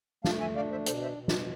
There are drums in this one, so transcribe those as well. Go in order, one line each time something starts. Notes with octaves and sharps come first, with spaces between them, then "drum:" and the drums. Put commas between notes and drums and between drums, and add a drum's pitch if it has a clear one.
A3 F5 A5, drum: snare
E5 G#5
D4 D5 F5
C5 E5
B2 A4 C5, drum: hi-hat
C5 E5
B2
drum: snare